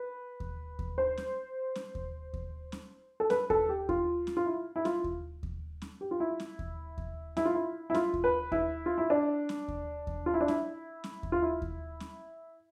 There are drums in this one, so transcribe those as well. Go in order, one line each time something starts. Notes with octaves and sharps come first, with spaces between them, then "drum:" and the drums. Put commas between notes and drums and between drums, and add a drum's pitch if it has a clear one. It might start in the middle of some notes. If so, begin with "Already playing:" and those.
Already playing: B4
drum: kick D#2
drum: kick D#2
C5
drum: snare C#4
drum: snare C#4
drum: kick D#2
drum: kick D#2
drum: snare C#4
A4
B4, drum: snare C#4
A4, drum: kick D#2
G4
F4, drum: kick D#2
drum: snare C#4
F4
E4
E4
F4, drum: snare C#4
drum: kick D#2
drum: kick D#2
drum: snare C#4
G4
F4
E4
drum: snare C#4
drum: kick D#2
drum: kick D#2
E4, drum: snare C#4
F4
E4
E4
F4, drum: snare C#4
drum: kick D#2
B4
E4, drum: kick D#2
F4
E4
D4
drum: snare C#4
drum: kick D#2
drum: kick D#2
F4
E4
D4
E4, drum: snare C#4
drum: snare C#4
drum: kick D#2
F4
E4
drum: kick D#2
drum: snare C#4